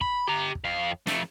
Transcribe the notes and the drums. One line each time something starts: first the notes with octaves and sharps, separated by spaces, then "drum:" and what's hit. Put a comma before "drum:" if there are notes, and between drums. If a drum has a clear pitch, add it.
B5, drum: kick
G4 A#5
drum: kick
F2 F5
F2 A3, drum: snare